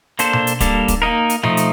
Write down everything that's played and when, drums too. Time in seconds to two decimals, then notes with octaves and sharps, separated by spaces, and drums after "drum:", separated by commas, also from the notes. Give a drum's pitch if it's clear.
0.19 A#3 D4 A4 C5, drum: hi-hat
0.33 drum: tom B2
0.47 drum: hi-hat
0.60 G3 A#3 D4 A4, drum: kick, hi-hat
0.88 drum: kick, hi-hat
1.02 A#3 D#4 A#4
1.30 drum: hi-hat
1.43 F3 A3 D#4, drum: tom B2
1.57 drum: hi-hat